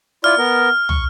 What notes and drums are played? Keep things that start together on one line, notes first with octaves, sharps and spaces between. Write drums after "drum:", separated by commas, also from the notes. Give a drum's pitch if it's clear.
E4 F4 D5 F6
B3 A#4
C#6, drum: tom